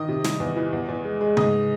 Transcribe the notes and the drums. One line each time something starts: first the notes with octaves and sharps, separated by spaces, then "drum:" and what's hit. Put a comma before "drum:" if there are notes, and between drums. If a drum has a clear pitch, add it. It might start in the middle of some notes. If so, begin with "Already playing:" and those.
Already playing: D#3 D#5 D#6
C3
G3, drum: snare
E2
E3
E2
E2
G#3
G#3
G#2 D#5 D#6, drum: tom C#3